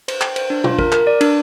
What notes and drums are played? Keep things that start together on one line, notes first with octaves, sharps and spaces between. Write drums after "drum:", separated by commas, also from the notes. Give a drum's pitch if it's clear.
C5, drum: cymbal
G5, drum: clap
C5, drum: cymbal
D4
F4, drum: tom B2
A#4, drum: kick
A#4, drum: clap
D5
D4, drum: cymbal